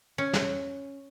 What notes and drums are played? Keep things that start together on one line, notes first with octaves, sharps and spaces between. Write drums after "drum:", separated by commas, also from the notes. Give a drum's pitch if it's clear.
C#4
drum: snare